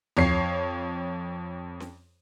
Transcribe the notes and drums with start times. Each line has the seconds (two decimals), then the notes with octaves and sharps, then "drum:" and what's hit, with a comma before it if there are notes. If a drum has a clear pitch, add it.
0.17 F2 C#5 C7, drum: tom
1.80 drum: snare C#4